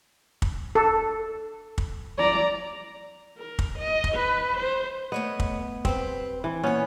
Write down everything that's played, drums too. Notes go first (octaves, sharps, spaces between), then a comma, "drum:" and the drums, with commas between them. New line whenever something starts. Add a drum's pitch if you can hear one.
drum: kick
A4
drum: kick
D5 A#5
A#4
drum: kick
D#5
drum: kick
B4
C5
A3 B3 C#5 D#5
drum: kick
C4 G4 B4 C5, drum: kick
E3
A#2 B3 C#4 C#5